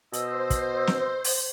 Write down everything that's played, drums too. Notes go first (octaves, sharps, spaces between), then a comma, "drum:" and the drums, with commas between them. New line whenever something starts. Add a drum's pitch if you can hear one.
B2 C5 D#5 E6, drum: hi-hat
drum: kick, hi-hat
drum: snare
drum: open hi-hat